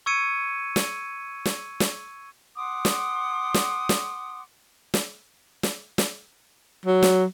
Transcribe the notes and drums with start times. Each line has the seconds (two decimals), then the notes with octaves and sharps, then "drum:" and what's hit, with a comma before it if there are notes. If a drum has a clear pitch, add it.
0.06 C#6 E6 G#6 C#7 D#7
0.76 drum: snare
1.45 drum: snare
1.80 drum: snare
2.56 F#5 C6 D6 D#6
2.85 drum: snare
3.54 drum: snare
3.89 drum: snare
4.94 drum: snare
5.63 drum: snare
5.98 drum: snare
6.85 F#3
7.03 drum: snare